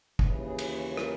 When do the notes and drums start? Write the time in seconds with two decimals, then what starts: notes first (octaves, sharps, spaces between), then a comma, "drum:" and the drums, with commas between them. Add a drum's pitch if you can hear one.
0.19 D#2 C#3 E3, drum: kick
0.45 G#4
0.59 drum: cymbal
0.72 C#5
0.97 A#4, drum: rim click